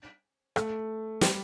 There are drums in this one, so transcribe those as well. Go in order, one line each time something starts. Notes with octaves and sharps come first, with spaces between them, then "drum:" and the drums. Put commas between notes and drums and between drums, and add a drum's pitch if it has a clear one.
A3, drum: rim click
G3, drum: snare